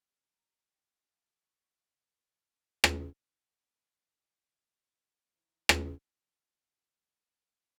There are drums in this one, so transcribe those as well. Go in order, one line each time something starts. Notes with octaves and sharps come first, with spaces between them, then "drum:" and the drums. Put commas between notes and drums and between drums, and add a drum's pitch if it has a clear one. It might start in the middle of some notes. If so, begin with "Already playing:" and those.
G#4
A#5
G5
F5
C#6
drum: rim click
C2 F#2 A#4
D4 B5
C#3 E4 G5 C6 D6
E3 D#4 C5
drum: rim click